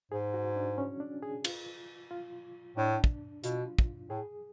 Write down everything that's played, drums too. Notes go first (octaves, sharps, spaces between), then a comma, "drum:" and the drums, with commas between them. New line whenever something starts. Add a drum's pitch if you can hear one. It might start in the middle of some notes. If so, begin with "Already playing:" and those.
G#2 G#4
F#4
D4
C#4
D4
G#4
F4, drum: cymbal
F4
A2 D4
drum: kick
B2 F4, drum: hi-hat
drum: kick
A2 G#4